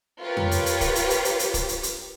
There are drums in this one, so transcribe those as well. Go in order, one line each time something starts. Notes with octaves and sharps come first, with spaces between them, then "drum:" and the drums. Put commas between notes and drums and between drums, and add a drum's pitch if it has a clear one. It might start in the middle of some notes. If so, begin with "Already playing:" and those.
F4 G4 A#4 B4 C#5
drum: tom F2
drum: hi-hat
drum: hi-hat
drum: kick, hi-hat
drum: hi-hat
drum: hi-hat
drum: hi-hat
drum: hi-hat
drum: kick, hi-hat
drum: hi-hat
drum: hi-hat